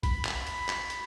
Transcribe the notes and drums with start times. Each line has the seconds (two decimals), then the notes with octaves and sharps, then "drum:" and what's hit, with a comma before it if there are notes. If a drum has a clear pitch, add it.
0.03 B5, drum: kick, hi-hat
0.25 drum: clap
0.47 drum: hi-hat
0.68 drum: clap
0.90 drum: hi-hat